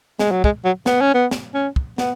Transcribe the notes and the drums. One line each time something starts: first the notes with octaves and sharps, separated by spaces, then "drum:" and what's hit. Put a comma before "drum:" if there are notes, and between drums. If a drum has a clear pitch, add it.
G#3, drum: snare
F#3
G#3, drum: kick
F#3
B3, drum: snare
C#4
B3
drum: snare
C#4
drum: kick
B3, drum: snare